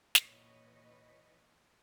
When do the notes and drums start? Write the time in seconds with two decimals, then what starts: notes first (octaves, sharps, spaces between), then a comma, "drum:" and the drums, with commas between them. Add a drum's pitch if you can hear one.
0.15 A#2 E3 B4 C#5 D#5, drum: snare